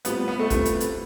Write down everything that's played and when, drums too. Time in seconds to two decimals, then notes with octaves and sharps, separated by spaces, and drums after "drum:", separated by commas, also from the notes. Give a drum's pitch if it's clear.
0.05 A2 G3 B3 C4 F4 B4, drum: hi-hat
0.28 B3
0.39 A3
0.50 A2 G3 C4 F4 B4, drum: kick, hi-hat
0.65 drum: hi-hat
0.80 drum: hi-hat